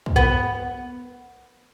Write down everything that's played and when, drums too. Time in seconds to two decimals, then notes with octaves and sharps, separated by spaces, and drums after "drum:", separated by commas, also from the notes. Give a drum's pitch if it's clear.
0.06 drum: kick
0.16 B3